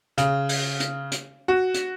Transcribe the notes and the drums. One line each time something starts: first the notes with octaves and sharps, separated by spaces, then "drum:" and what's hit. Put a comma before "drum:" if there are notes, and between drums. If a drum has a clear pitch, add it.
C#3, drum: hi-hat
drum: open hi-hat
drum: hi-hat
drum: hi-hat
F#4
drum: hi-hat